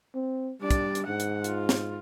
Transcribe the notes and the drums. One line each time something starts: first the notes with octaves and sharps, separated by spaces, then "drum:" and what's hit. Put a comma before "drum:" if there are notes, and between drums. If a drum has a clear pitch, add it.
C4
G3 D4 D5
drum: kick, hi-hat
drum: hi-hat
G#2 F#5
drum: hi-hat
F4, drum: hi-hat
drum: snare